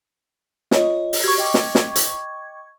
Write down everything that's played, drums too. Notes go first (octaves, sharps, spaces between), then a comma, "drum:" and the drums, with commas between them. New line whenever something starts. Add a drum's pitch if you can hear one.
F4 C#5 D#5, drum: snare
drum: open hi-hat
F#4 G4 C#6 G#6
D#5 G5 D6
drum: snare
drum: snare
drum: hi-hat